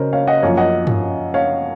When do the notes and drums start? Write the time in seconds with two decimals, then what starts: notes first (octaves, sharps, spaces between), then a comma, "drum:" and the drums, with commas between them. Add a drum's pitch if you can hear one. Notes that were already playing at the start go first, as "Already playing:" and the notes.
Already playing: C#3 F#3 A#4 C5 C#5 D#5
0.13 C#5 F5
0.27 D#5 F#5
0.42 F#2 F3 A#3 C#5 F5
0.58 D#5 F#5
0.87 drum: tom G2
1.34 C#5 F5